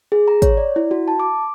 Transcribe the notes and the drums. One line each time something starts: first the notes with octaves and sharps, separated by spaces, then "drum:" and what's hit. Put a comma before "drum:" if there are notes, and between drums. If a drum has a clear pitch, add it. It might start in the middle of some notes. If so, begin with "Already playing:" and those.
G#4
A#5
C#5, drum: kick G#1, hi-hat
D5
E4
F#4
A5
D6